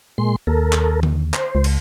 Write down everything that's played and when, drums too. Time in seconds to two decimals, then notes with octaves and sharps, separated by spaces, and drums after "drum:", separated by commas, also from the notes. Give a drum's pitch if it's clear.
0.18 A#2 G#3 C6
0.47 D#2 A4 A#4
0.72 drum: clap
1.03 drum: tom D3
1.34 C5, drum: clap
1.55 C#2
1.64 drum: cymbal